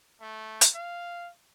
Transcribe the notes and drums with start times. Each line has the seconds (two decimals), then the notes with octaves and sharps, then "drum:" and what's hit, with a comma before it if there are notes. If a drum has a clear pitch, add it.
0.21 A3
0.61 drum: hi-hat
0.75 F5